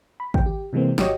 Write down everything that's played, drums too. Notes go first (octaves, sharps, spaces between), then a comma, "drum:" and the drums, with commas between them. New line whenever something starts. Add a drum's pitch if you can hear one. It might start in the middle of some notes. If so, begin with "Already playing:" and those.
B5
C#2 G5, drum: kick
G4
C3 E3 G#3 A#3 C4
G#1 F#4 G4 C#5 D#5, drum: snare